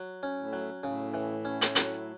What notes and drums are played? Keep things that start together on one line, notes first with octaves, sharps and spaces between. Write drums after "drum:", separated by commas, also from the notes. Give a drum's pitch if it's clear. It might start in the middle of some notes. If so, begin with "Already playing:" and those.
Already playing: F#3
C#4
A2
F#3
A2 C#3
E3
C#4
drum: hi-hat
F#3, drum: hi-hat